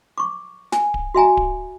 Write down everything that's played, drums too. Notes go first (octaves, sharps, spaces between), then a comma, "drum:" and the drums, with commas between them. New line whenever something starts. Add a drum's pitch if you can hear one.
C#6 D6
G#5, drum: snare
drum: kick D1
F#4 E5 G#5 A#5
drum: kick D1